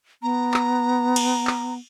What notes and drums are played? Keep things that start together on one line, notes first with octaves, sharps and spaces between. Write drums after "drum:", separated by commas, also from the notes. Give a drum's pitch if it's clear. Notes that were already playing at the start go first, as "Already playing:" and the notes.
B3 A#5
drum: clap
drum: cymbal
drum: clap